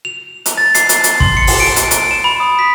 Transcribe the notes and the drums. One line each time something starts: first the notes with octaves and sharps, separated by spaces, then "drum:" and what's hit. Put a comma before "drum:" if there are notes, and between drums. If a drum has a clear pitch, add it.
F7
drum: hi-hat
A6
C7, drum: hi-hat
drum: hi-hat
drum: hi-hat
C6, drum: kick
C#7
drum: open hi-hat
D7
drum: hi-hat
drum: hi-hat
E7
B5
D#6
B6